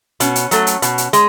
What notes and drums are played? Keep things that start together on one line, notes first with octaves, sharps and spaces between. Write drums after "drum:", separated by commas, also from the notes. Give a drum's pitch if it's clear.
B2 C#4, drum: hi-hat
drum: hi-hat
F#3 A3, drum: hi-hat
drum: hi-hat
B2, drum: hi-hat
drum: hi-hat
G#3, drum: hi-hat